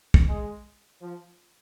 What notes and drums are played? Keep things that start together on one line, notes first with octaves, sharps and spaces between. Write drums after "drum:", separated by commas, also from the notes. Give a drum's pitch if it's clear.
drum: kick
G#3
F3